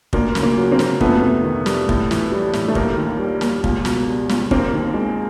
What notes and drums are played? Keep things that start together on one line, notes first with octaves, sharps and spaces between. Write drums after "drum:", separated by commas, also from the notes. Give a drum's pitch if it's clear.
D2 A#3, drum: kick
C#3, drum: snare
A#3
F#3
A#3 C4
D2, drum: snare
F2 A3 B3, drum: kick
C3
D#3
G3, drum: snare
A2, drum: kick
E3, drum: snare
G3
A2, drum: snare
A3
D#2 A#3, drum: kick
D#3
G3
D#2, drum: snare
C#2, drum: kick
B2, drum: snare
G3
C#2, drum: snare
D#2 A#3 C4, drum: kick
D#3
G#3